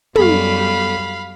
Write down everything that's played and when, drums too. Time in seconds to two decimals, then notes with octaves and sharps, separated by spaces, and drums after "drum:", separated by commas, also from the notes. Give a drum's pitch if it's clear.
0.16 F#2 G3 B3 A4 F5 B5, drum: tom